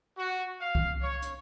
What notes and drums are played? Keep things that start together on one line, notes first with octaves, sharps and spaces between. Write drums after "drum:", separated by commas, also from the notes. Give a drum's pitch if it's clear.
F#4
F5
drum: kick C2
C#5
drum: hi-hat